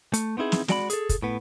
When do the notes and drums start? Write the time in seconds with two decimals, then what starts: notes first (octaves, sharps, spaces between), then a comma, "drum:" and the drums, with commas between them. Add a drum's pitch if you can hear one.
0.14 A3, drum: hi-hat
0.37 B3 C4 D#4 E4 G#4
0.52 drum: snare
0.68 G#3 F#4 D5 G5 B5, drum: snare
0.90 G#4 A4, drum: hi-hat
1.09 drum: kick, hi-hat
1.23 A2 B3